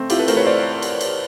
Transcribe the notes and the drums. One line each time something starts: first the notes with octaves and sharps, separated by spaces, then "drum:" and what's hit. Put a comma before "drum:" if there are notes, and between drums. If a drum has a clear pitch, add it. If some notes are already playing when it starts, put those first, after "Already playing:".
Already playing: A3 C4
E4 F4 G4, drum: cymbal
A4 B4
A3 A#4 C5, drum: cymbal
B4 C#5
A3 C5 D5
drum: cymbal
drum: cymbal